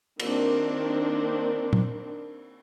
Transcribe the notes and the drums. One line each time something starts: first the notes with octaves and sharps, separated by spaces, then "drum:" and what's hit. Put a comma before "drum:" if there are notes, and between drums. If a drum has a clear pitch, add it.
D#3 A#3 C4 D4, drum: cymbal
drum: tom